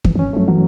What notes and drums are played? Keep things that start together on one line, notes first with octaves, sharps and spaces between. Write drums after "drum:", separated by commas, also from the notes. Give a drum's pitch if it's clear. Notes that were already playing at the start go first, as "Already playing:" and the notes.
G2 E3, drum: kick
E3
C#4
F#3 A3
E3 F#3